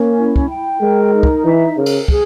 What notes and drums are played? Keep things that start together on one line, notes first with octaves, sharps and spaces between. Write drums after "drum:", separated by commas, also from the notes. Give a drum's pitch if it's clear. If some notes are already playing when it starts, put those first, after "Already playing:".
Already playing: A#3 C#4
E4
drum: kick
G5
G#3 A#4
D#4
drum: kick
E3 E5
C#3 A#4
drum: cymbal
G#4, drum: kick